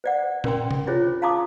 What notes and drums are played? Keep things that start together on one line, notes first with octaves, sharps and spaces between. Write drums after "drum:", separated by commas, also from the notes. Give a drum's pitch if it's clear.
C5 D5 F#5
C#4 A#4 G5 C6, drum: tom A#2
drum: tom C3
D4 E4 F4 G#4 C5 C#5
F5 A5 A#5 C6 D6 D#6